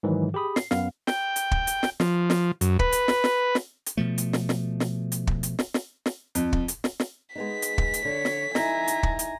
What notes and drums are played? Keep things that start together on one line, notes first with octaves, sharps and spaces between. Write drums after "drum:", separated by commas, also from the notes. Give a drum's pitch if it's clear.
G#2 D#3 E3 F#3
G4 G#4 B5 D#6
C7, drum: snare
F#2 B3 F5, drum: snare
G5, drum: snare
drum: hi-hat
drum: kick
drum: hi-hat
drum: snare
F3, drum: snare
drum: snare
F#2, drum: hi-hat
B4, drum: kick
drum: hi-hat
drum: snare
drum: snare
drum: snare
drum: hi-hat
B2 F3 A3
drum: hi-hat
drum: snare
drum: snare
drum: snare
drum: hi-hat
drum: kick
drum: hi-hat
drum: snare
drum: snare
drum: snare
F2, drum: hi-hat
drum: kick
drum: hi-hat
drum: snare
drum: snare
G#3 B3 D#4 B6
drum: hi-hat
drum: kick
drum: hi-hat
D3 C#5
drum: snare
D#4 E4 G#5 A#5, drum: snare
drum: hi-hat
drum: kick
drum: hi-hat